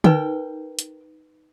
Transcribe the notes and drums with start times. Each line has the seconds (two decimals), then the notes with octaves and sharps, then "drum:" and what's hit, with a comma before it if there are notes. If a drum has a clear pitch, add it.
0.04 D#4 A#4 B4 G5, drum: tom D3
0.79 drum: hi-hat